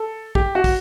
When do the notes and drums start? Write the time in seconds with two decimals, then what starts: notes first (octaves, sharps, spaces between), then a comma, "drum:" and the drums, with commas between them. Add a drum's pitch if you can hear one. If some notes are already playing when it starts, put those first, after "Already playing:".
Already playing: A4
0.35 G4, drum: kick
0.55 F#4
0.64 drum: kick, open hi-hat